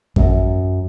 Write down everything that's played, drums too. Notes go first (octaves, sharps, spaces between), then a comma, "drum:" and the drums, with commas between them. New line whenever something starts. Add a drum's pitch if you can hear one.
F#2, drum: kick G#1